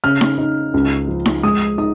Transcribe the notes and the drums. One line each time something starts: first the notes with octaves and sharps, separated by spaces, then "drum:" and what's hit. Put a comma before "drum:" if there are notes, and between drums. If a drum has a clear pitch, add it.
C#3 F6
drum: snare D#4
D#4
C#2
F3
drum: snare D#4
G#3 D#6
D#4 D#6